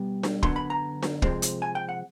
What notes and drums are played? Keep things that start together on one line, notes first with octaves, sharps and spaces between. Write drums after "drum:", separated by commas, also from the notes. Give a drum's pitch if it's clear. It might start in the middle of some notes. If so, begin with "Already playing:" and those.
Already playing: B2 G3 B3
drum: snare D4
F#2 D3 F#3 B3 C6, drum: kick
B5
A#5
drum: snare D4
C3 F3 G#3 C4, drum: kick
drum: hi-hat
G#5
G5
F#5